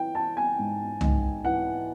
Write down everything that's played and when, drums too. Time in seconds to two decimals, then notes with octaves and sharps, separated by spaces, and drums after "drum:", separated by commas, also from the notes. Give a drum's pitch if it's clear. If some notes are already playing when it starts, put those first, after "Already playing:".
Already playing: E3 G5
0.15 E3 A5
0.37 G#5
0.59 G#2
1.01 G#2, drum: tom C2
1.44 E3 F#5